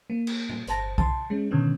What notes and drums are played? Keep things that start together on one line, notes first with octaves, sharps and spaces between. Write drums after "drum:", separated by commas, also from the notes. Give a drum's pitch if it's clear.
A#3
drum: cymbal
drum: tom A2
G1 C5 A5 A#6, drum: hi-hat
A5 C6, drum: kick B1
G#3 C#4
G#2 B2 D3 D#3 B3 C#4